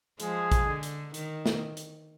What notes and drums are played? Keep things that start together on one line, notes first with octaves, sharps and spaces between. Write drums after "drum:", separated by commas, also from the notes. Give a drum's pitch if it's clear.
F3 G#3 G#4, drum: hi-hat
drum: kick, hi-hat
D3
drum: hi-hat
D#3, drum: hi-hat
drum: snare
drum: hi-hat